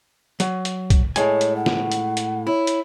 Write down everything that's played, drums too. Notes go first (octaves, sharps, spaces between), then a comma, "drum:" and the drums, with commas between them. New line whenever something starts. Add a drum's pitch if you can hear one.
F#3, drum: hi-hat
drum: hi-hat
drum: kick B1, hi-hat
A2 G#3 C#5 G#5, drum: hi-hat
drum: hi-hat
F#5
drum: snare
drum: hi-hat
drum: hi-hat
E4 C#5
drum: hi-hat